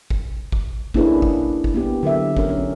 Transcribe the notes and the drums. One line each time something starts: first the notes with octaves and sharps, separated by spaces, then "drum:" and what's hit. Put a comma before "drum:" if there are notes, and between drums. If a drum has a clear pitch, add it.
drum: kick
drum: kick
A#3 C#4 D4 E4 G#4 B4, drum: kick
drum: kick
drum: kick
A#3 B3 G4
D3 F#3 A#4 E5
C#4 A#4, drum: kick
C#4